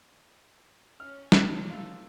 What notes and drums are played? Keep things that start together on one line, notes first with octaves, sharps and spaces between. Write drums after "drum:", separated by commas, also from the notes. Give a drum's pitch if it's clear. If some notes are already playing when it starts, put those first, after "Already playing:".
C#4 F6
drum: snare
A#3 F4 A4